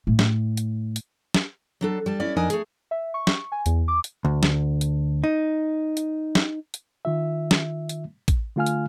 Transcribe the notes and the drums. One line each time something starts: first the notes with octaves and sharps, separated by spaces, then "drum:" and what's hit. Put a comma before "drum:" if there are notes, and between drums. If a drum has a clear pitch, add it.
A2
drum: snare
drum: hi-hat
drum: hi-hat
drum: snare
F#3 D4 A4
G3 A5
C#4 E4 D5
F2 D4 D#4 A#4 D#5 G#5
A3 G#4, drum: hi-hat
E5
C#6
drum: snare
G#5
E2, drum: hi-hat
D6
drum: hi-hat
D2
drum: snare
drum: hi-hat
D#4
drum: hi-hat
drum: snare
drum: hi-hat
D#3 F4 E5
drum: snare
drum: hi-hat
drum: kick A1, hi-hat
D3 A3 F4 F5 G#5 F6
drum: hi-hat